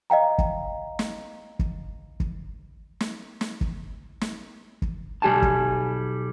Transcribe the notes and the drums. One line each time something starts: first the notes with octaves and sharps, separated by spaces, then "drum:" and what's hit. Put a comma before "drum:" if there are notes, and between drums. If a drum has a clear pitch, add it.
D#5 F5 G5 A#5
drum: kick
drum: snare
drum: kick
drum: kick
drum: snare
drum: snare
drum: kick
drum: snare
drum: kick
B1 G3 G4 G#5 A5
drum: kick